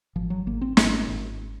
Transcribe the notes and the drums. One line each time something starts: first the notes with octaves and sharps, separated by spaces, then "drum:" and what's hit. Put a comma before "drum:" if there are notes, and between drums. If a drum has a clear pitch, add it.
G#1 F3
F#3
G#1 A#3
C4
G#1 C#4, drum: snare
G#1